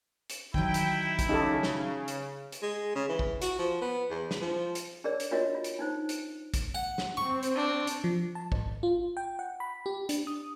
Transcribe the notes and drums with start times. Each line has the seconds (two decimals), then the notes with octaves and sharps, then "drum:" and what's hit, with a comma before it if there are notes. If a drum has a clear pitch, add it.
0.30 drum: hi-hat
0.54 D#3 F#3 E4 G5, drum: kick
0.74 drum: hi-hat
1.19 drum: kick, hi-hat
1.29 C#3 D#4 G4 A4
1.63 drum: snare
2.08 drum: hi-hat
2.52 drum: hi-hat
2.62 G#3
2.95 C#3
3.09 E3
3.19 drum: kick
3.42 F#4, drum: hi-hat
3.59 F3
3.81 B3
4.10 E2
4.31 drum: snare
4.41 F3
4.75 drum: hi-hat
5.04 D4 G#4 A#4 C#5 D5 E6
5.20 drum: hi-hat
5.31 D4 F4 F#4 A#4 C#5 D#5
5.55 F4
5.64 drum: hi-hat
5.79 D4 D#4 C5
6.09 drum: hi-hat
6.54 drum: kick, hi-hat
6.75 F#5
6.98 drum: snare
7.17 C4 C#6
7.43 drum: hi-hat
7.56 D4
7.87 drum: hi-hat
8.04 F3
8.35 A5
8.52 G#1, drum: kick
8.83 F4
9.17 G5
9.39 F#5
9.60 B5
9.86 G4
10.09 D4, drum: hi-hat
10.27 D#6